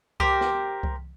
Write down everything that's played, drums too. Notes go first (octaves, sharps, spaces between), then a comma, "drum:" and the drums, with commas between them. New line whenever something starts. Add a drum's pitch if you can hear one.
G4 A#4 C5, drum: kick C2
drum: snare
drum: kick C2